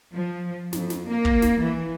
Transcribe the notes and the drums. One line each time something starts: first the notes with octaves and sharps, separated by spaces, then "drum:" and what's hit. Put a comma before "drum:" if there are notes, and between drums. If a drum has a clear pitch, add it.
F3
F2, drum: snare
drum: snare
A#3
drum: kick
drum: snare
E3